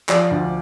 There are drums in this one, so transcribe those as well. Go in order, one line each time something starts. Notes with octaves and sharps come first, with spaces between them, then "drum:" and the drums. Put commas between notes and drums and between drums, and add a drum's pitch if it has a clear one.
F3 D5, drum: clap
D2